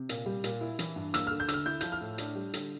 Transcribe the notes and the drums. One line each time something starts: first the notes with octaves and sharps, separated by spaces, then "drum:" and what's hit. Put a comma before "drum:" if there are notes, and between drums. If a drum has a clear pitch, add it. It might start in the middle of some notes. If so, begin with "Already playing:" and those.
Already playing: C3
A#2, drum: hi-hat
G3
A#2, drum: hi-hat
E4
E3, drum: hi-hat
G2
A#3 E6, drum: hi-hat
D3 F6
G6
D2 E6 F6, drum: hi-hat
E4 G6
F3 G6, drum: hi-hat
F6
A2
D4, drum: hi-hat
G3
D3, drum: hi-hat